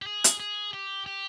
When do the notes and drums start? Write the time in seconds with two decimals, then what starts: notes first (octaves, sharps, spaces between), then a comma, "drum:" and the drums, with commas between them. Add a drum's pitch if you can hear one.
0.02 G4
0.06 G#4
0.24 drum: hi-hat
0.40 G#4
0.73 G4
1.06 G4